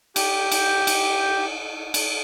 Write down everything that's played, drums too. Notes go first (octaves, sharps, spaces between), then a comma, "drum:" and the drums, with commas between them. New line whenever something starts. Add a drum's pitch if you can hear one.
G4 G6, drum: cymbal
drum: cymbal
drum: cymbal
drum: cymbal